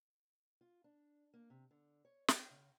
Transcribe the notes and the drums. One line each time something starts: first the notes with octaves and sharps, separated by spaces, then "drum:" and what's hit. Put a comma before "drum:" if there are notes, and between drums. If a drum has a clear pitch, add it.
F4
D4
A#3
C3
D3
C#5
G5, drum: snare
C#3